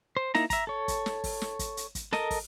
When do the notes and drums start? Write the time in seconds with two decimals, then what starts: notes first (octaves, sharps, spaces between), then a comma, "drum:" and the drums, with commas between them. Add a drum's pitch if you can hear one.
0.17 C5
0.35 A#3 D#4 E4 A#5, drum: snare
0.50 E5 A#5, drum: kick, hi-hat
0.67 A4 C#5
0.88 drum: kick, hi-hat
1.06 drum: snare
1.24 drum: kick, open hi-hat
1.41 drum: snare
1.59 drum: kick, hi-hat
1.77 drum: hi-hat
1.95 drum: kick, hi-hat
2.13 A4 A#4 D#5, drum: snare
2.31 drum: kick, open hi-hat